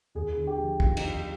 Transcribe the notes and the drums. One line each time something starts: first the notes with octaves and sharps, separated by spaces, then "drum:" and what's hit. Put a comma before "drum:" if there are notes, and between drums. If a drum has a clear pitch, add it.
D#2 G#4
D3
G4
F3
D#2 F4, drum: kick
D#4, drum: cymbal
D#2
G4